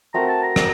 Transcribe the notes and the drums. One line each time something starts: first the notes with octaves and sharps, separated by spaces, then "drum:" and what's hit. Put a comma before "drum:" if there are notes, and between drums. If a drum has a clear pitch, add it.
A3 C4 F#4 A#4 A#5
A5
A#5
drum: rim click